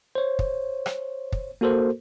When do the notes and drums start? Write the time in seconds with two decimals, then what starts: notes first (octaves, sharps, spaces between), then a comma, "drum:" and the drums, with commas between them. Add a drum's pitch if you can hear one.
0.15 C5 C#5
0.39 drum: kick
0.86 drum: rim click
1.32 drum: kick
1.61 A#3 F#4 A4 A#4 C5